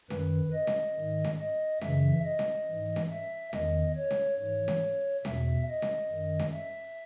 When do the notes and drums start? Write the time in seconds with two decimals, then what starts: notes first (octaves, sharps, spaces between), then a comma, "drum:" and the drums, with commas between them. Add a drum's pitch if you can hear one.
0.10 F#2 D#3 B4, drum: snare C#4
0.53 D#5
0.67 drum: snare C#4
0.96 G#2 D#3
1.24 drum: snare C#4
1.39 D#5
1.81 F#2 C#3 E3 E5, drum: snare C#4
2.24 D#5
2.39 drum: snare C#4
2.68 G#2 E3
2.96 drum: snare C#4
3.11 E5
3.53 E2 D#3 D#5, drum: snare C#4
3.96 C#5
4.11 drum: snare C#4
4.39 G#2 E3 C#5
4.68 drum: snare C#4
5.25 E2 B2 E5, drum: snare C#4
5.69 D#5
5.82 drum: snare C#4
6.11 F#2 D#3
6.39 drum: snare C#4
6.53 E5